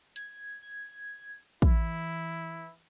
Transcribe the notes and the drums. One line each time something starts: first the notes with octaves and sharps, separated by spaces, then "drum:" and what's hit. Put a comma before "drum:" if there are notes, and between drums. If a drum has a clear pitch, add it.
G#6, drum: hi-hat
G#6
E3 E4, drum: kick